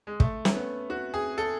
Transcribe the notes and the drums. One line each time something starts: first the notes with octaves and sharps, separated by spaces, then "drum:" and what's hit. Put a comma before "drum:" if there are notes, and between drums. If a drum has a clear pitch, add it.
G#3
A3, drum: kick
C#4, drum: snare
B3
F#4
G#4
A4